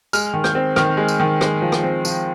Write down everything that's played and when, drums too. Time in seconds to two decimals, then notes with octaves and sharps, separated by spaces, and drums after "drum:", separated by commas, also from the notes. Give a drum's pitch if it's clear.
0.13 G#3 F6, drum: tambourine
0.34 D#3
0.44 G6, drum: rim click
0.55 C4
0.76 D#3 F6, drum: rim click
0.97 G#3
1.08 drum: tambourine
1.20 D#3
1.41 G#3, drum: rim click
1.62 F3
1.72 drum: rim click
1.84 C4
2.05 F3, drum: tambourine